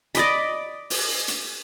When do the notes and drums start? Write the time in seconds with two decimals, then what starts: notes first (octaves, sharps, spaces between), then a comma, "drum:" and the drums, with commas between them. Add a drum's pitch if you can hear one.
0.15 D5 D#5 B5, drum: hi-hat
0.90 drum: open hi-hat
1.28 drum: hi-hat